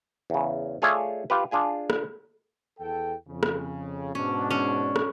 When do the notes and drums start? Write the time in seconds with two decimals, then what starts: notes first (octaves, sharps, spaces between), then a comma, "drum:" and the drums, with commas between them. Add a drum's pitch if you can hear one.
0.30 E2 C#3
0.82 A3 F4 G#4 C#5 D5 E5
1.30 F4 G4 B4
1.51 D4 F4 G#4 G#5
1.90 drum: rim click
2.80 E2 A4 G5
3.28 F2 C#3
3.43 drum: rim click
4.15 G#2 B2 C#4 D4
4.50 C#4
4.96 drum: rim click